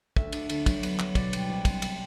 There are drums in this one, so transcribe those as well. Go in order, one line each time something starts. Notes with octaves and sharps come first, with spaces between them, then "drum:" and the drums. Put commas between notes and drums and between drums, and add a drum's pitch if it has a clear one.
D2 E5, drum: kick
D4, drum: cymbal
D2, drum: cymbal
F#3, drum: kick, cymbal
B3, drum: cymbal
F#3, drum: clap
B2 D5, drum: kick, cymbal
G3, drum: cymbal
C2
C4, drum: kick, cymbal
drum: cymbal